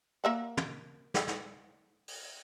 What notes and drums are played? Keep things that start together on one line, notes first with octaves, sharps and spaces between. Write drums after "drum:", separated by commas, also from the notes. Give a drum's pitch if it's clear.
A#3 E5 F#5
drum: tom
drum: snare
drum: snare
drum: open hi-hat